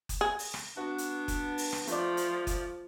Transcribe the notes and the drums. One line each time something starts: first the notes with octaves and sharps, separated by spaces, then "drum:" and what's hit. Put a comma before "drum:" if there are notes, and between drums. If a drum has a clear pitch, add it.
drum: kick F#1, hi-hat
G#4
drum: open hi-hat
drum: rim click
B3 D4 F#4
drum: hi-hat
drum: kick F#1, hi-hat
drum: open hi-hat
drum: rim click
F3 A3 D5, drum: hi-hat
drum: hi-hat
drum: kick F#1, hi-hat